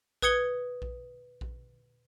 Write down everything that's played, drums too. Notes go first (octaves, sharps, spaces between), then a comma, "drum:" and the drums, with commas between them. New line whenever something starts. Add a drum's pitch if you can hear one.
B4 D#6 G#6 C#7 G7, drum: kick A#1
drum: kick A#1
drum: kick A#1